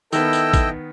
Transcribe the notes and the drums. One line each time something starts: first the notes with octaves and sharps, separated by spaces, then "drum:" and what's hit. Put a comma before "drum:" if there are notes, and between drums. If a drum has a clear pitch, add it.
D#3 B3 E4 A4 D#5 G5 E6, drum: tambourine
drum: tambourine
drum: kick G#1, tambourine